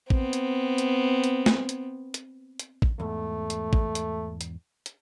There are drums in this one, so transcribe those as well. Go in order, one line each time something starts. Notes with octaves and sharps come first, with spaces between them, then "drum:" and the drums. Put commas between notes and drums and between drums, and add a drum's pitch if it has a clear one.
B3 C4, drum: kick
drum: hi-hat
drum: hi-hat
drum: hi-hat
drum: snare
drum: hi-hat
drum: hi-hat
drum: hi-hat
drum: kick
E2 G#2 A3
drum: hi-hat
drum: kick
drum: hi-hat
drum: hi-hat
drum: hi-hat